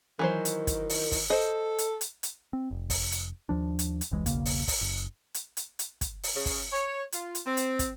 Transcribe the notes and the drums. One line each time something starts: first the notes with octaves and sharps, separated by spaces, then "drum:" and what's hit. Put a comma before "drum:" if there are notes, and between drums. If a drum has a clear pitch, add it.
D#3 E3 F#3 C5
drum: hi-hat
drum: kick, hi-hat
drum: open hi-hat
drum: kick, open hi-hat
A4 C5 D#5
drum: hi-hat
drum: hi-hat
drum: hi-hat
C4
F1
drum: kick, open hi-hat
drum: hi-hat
D#2 F3 D4
drum: hi-hat
drum: hi-hat
F1 C#2 E3 G#3
E1 B1 C#3 A#3, drum: kick, hi-hat
drum: open hi-hat
drum: kick, open hi-hat
F#1
drum: hi-hat
drum: hi-hat
drum: hi-hat
drum: kick, hi-hat
drum: open hi-hat
C#3
drum: kick, open hi-hat
C#5
F4, drum: hi-hat
drum: hi-hat
C4
drum: hi-hat
drum: kick, hi-hat